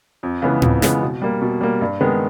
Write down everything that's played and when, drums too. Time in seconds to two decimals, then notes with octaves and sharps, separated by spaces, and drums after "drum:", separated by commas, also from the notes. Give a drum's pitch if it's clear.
0.23 F2
0.42 C#3 E3 G#3 B3
0.62 F2, drum: tom A2
0.82 C#3 E3 G#3 B3, drum: snare
1.02 B2
1.22 G3 A#3
1.42 B2
1.61 G3 A#3
1.81 G2
2.01 D#3 G#3 B3